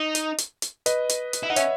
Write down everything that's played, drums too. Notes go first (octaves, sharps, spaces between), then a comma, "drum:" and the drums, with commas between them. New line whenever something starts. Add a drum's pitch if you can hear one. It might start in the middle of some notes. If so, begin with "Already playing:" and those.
Already playing: D#4
drum: hi-hat
drum: hi-hat
drum: hi-hat
B4 D#5, drum: hi-hat
drum: hi-hat
drum: hi-hat
E4
D#4 F#5
C#4 C#5 E5, drum: hi-hat